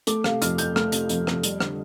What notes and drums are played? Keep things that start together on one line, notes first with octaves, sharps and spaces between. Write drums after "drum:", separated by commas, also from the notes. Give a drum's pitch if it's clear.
A3 D6, drum: hi-hat
C3 F5, drum: rim click
F2 F6, drum: hi-hat
F2 G6, drum: hi-hat
A3 F6, drum: rim click
C3, drum: hi-hat
F2, drum: hi-hat
F2, drum: rim click
G3, drum: hi-hat
D3, drum: rim click